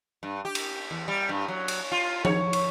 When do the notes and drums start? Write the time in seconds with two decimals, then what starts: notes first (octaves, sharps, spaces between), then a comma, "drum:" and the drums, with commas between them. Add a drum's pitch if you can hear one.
0.23 G2
0.45 G4
0.55 drum: cymbal
0.91 E2
1.08 G3
1.29 G2
1.48 F#3
1.68 drum: cymbal
1.92 F4
2.25 C#5, drum: tom F3
2.53 drum: cymbal